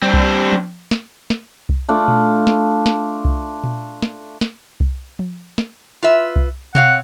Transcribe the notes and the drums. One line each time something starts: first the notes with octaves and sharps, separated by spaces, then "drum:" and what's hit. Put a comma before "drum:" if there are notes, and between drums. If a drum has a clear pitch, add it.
G3 C4 D4
drum: kick C2
drum: tom F3
drum: snare
drum: snare
drum: kick C2
A3 D4 F4
drum: tom A#2
drum: snare
drum: snare
drum: kick C2
drum: tom A#2
drum: snare
drum: snare
drum: kick C2
drum: tom F3
drum: snare
F4 B4 E5
drum: kick C2
C4 C#5 F5 F#5, drum: tom B2